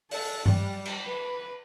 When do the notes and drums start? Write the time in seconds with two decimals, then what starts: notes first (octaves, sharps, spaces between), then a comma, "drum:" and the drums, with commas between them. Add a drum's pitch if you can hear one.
0.11 A4, drum: open hi-hat
0.46 G3, drum: tom G2
0.85 drum: cymbal
1.06 B4